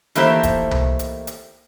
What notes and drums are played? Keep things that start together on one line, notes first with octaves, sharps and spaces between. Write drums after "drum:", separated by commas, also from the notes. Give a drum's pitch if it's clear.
D#3 E3 A3 A#3 G4 C5, drum: hi-hat
drum: kick D#1, hi-hat
drum: tom C2
drum: hi-hat
drum: hi-hat